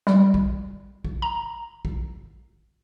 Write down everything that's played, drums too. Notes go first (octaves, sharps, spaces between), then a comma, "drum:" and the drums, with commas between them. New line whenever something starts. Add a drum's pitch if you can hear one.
G3, drum: snare
drum: kick
drum: kick
A#5
drum: kick